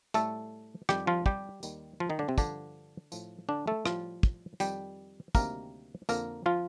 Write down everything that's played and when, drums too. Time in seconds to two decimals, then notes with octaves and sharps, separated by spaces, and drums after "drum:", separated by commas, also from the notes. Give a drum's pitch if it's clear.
0.14 A2 G3 A3 A4, drum: tambourine
0.89 F2 D#3 G3 G4, drum: rim click
1.07 F3 F4
1.26 G3 G4, drum: kick
1.63 D#2 D#3 G3, drum: tambourine
2.00 F3 F4
2.10 D#3 D#4
2.19 D3 D4
2.28 C3 C4
2.38 G2 D3 F3 D4, drum: kick, tambourine
3.12 A2 F3, drum: tambourine
3.49 D3 D4
3.67 A3 A4
3.86 A2 F3 G3 F4, drum: rim click
4.23 drum: kick
4.60 F2 D#3 G3 G4, drum: tambourine
5.35 D2 C3 D#3 G3 A#3 A#4, drum: kick, tambourine
6.09 F2 D3 F3 A#3 A#4, drum: tambourine
6.46 F3 F4